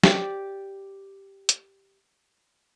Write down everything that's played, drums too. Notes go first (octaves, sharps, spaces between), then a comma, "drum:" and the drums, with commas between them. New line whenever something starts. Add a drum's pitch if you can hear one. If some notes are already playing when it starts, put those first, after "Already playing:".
G4 D5, drum: snare
drum: hi-hat